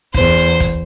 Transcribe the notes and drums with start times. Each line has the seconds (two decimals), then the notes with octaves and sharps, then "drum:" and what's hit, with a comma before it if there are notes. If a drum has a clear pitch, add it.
0.14 E2 C5, drum: kick, hi-hat
0.37 drum: hi-hat
0.60 drum: kick, hi-hat